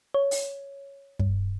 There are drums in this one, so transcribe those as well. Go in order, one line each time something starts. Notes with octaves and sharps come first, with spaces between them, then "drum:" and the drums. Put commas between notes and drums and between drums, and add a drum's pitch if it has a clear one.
C#5
drum: open hi-hat
G2, drum: kick